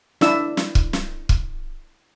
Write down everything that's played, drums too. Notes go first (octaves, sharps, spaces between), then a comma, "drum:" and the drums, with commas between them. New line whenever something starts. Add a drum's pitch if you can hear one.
D4 E4 E6, drum: snare
drum: snare
drum: kick
drum: snare
drum: kick